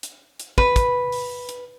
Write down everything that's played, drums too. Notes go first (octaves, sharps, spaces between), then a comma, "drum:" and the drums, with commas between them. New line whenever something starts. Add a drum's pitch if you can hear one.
drum: hi-hat
drum: hi-hat
B4, drum: kick
drum: kick, hi-hat
drum: open hi-hat
drum: hi-hat